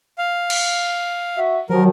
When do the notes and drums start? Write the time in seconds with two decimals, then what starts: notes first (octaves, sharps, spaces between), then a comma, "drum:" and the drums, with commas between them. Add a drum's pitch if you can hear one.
0.18 F5
0.50 drum: cymbal
1.37 F#4 E5
1.70 C3 D#3 F3 F#3 A#4